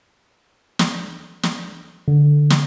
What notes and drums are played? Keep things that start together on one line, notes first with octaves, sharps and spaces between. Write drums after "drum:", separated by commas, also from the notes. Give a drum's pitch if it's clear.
drum: snare
drum: snare
D3
drum: snare